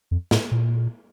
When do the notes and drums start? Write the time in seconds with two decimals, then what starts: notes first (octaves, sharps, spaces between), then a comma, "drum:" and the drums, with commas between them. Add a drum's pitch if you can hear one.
0.11 F2
0.31 A2, drum: snare
0.52 A#2